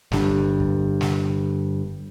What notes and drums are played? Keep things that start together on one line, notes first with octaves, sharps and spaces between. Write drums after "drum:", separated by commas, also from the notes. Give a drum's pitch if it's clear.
G1 G2, drum: snare
drum: kick
drum: snare